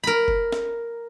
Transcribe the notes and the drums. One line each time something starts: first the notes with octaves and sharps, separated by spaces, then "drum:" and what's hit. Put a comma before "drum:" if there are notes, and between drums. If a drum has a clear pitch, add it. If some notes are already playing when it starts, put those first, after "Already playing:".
A#4 B5
drum: kick F1
drum: snare